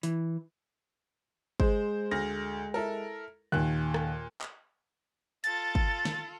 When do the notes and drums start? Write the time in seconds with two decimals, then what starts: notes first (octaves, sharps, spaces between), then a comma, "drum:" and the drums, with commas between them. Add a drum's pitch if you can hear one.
0.03 E3, drum: hi-hat
1.60 G#3 C5, drum: kick
2.11 D2 F6 A#6
2.74 E4 A4 A#4
3.52 D#2 A#2 F#6
3.94 drum: rim click
4.41 drum: clap
5.44 F4 A4 A6, drum: hi-hat
5.75 drum: kick
6.05 drum: snare